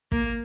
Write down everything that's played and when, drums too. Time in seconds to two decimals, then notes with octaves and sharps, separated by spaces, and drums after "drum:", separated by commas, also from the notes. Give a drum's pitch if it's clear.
0.12 A#3, drum: kick